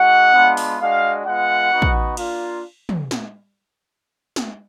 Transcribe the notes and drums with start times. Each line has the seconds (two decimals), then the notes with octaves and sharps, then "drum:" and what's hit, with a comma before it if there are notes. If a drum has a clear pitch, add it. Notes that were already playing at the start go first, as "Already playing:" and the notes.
Already playing: G#3 D#4 F#4 F#5
0.34 G#3 B3 D4 F4
0.57 drum: open hi-hat
0.80 G#3 D4 F#4 F5
1.26 G#3 B3 F4 F#5
1.71 B3 D#4 F#4
1.82 drum: kick
2.17 A#3 D4 F4, drum: cymbal
2.89 drum: tom
3.11 drum: snare
4.36 drum: snare